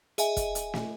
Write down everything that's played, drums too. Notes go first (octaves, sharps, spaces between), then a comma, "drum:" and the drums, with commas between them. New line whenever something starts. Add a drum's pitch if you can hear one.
G#4 D#5 E5 G#5, drum: hi-hat
drum: kick, hi-hat
drum: hi-hat
drum: snare